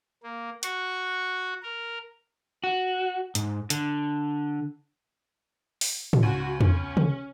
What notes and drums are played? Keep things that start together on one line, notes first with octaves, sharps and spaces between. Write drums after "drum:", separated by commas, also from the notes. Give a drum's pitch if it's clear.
A#3
F#4 C#6, drum: hi-hat
A#4
F#4
G#2, drum: hi-hat
D3, drum: hi-hat
drum: open hi-hat
drum: tom
C#2 F#4
C#4, drum: tom
drum: tom C3